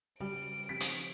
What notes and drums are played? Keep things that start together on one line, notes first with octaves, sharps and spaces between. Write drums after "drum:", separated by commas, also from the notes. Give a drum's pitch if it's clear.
C#3 G3 F#4 D7
F3 C4 G4 B6
drum: hi-hat